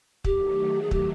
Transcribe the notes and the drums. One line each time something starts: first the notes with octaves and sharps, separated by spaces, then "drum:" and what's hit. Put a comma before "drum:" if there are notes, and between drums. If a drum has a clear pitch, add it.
D#3 F#3 A3 G4, drum: kick
G#4
G4, drum: kick